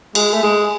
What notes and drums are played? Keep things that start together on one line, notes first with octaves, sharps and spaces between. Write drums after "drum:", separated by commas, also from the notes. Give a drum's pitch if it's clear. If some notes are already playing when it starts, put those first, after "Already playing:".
G#3, drum: cymbal
A3
G#3